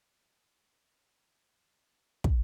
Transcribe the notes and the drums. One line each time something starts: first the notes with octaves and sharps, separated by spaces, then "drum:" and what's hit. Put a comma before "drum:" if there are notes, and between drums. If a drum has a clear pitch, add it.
G#3
C#4
G#3
F#4
A3
E3
E3
E3
C4
C4
drum: kick